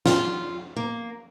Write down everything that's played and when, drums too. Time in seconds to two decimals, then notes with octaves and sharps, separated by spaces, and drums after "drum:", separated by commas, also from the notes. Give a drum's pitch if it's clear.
0.06 F4, drum: snare
0.76 A#3